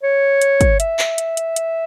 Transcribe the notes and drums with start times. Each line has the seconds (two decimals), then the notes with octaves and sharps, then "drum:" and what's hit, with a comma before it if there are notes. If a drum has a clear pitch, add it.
0.03 C#5
0.41 drum: hi-hat
0.61 drum: kick, hi-hat
0.80 E5, drum: hi-hat
0.99 drum: clap
1.18 drum: hi-hat
1.37 drum: hi-hat
1.56 drum: hi-hat